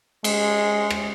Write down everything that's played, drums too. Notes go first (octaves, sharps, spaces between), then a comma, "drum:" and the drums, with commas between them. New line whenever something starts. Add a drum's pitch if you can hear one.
G#3, drum: cymbal
drum: rim click